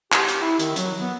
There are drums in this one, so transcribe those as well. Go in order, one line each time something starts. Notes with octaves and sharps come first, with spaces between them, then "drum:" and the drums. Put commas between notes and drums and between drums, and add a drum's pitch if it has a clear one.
G4, drum: clap
drum: hi-hat
E4
D#3, drum: hi-hat
F#3, drum: hi-hat
B3